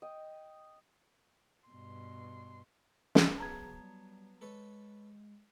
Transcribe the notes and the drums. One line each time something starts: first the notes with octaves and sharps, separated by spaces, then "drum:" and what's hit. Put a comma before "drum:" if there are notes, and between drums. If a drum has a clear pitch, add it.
D#5 G5
G2 B2 C6
drum: snare
F#3 B3 G#4 A5 A#5 G#6
G3
G#3 A4 B4 C#5